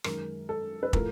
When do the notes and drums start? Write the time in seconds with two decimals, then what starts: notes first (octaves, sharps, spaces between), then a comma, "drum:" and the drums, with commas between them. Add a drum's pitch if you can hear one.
0.04 F#2 D#3 G#3 A#4, drum: rim click
0.49 A4
0.83 B4
0.93 A2 F3 A3 A#4, drum: kick